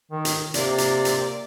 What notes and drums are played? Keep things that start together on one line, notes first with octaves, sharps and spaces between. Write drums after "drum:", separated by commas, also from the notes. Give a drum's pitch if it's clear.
D#3
drum: hi-hat
C3 A#3 D5, drum: hi-hat
drum: hi-hat
drum: hi-hat